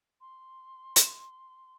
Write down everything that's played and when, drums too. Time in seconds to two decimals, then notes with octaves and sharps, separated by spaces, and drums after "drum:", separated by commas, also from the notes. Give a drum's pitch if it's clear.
0.21 C6
0.96 drum: hi-hat